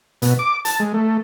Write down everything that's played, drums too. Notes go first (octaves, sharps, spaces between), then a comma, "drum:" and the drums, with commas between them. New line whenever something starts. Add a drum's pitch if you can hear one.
B2, drum: hi-hat
D6
A5, drum: hi-hat
G#3
A3